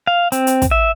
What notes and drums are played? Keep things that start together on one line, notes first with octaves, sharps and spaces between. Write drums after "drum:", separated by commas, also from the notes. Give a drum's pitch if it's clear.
F5
C4, drum: hi-hat
drum: hi-hat
drum: kick, hi-hat
E5